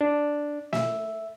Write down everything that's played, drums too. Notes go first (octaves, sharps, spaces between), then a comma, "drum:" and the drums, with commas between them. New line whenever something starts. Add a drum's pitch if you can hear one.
D4
E5, drum: snare